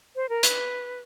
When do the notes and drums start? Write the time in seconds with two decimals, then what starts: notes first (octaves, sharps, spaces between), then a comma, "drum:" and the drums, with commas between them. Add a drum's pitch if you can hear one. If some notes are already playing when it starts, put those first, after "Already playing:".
0.16 C5
0.29 A#4
0.43 B4, drum: hi-hat